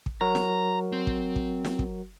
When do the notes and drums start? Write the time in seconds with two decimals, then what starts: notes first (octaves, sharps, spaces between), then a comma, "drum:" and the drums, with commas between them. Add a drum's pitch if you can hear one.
0.06 drum: kick
0.21 F#3 F#4 A#4 A#5
0.35 drum: snare
0.93 C4
1.07 drum: kick
1.36 drum: kick
1.65 drum: snare
1.79 drum: kick